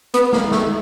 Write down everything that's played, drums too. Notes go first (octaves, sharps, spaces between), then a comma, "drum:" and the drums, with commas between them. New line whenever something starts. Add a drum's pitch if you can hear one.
B3, drum: hi-hat
A#3, drum: snare
A3, drum: snare